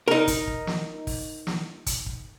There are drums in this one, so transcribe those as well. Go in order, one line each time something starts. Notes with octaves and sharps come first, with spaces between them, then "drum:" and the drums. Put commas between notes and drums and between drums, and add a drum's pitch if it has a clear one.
D#4 A#4
drum: kick, hi-hat
drum: kick
drum: snare
drum: kick, open hi-hat
drum: snare
drum: kick, hi-hat
drum: kick